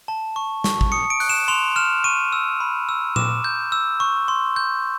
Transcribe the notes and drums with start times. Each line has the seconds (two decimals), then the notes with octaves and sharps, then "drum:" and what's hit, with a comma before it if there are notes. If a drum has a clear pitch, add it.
0.08 A5
0.36 C#6
0.64 C#6, drum: snare
0.81 drum: kick
0.92 D#6 C#7
1.10 D7
1.20 F#6, drum: open hi-hat
1.29 E7
1.48 C6 F7
1.76 F6 E7
2.04 C#6 D#7
2.33 E6
2.60 B5
2.89 E6
3.16 D6 E7, drum: tom A#2
3.44 G6
3.72 E6
4.00 C#6
4.28 C6
4.56 G6